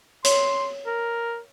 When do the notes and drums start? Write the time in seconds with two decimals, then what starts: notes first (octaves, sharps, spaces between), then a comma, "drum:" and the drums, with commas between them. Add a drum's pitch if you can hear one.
0.25 C#5 C6, drum: hi-hat
0.86 A#4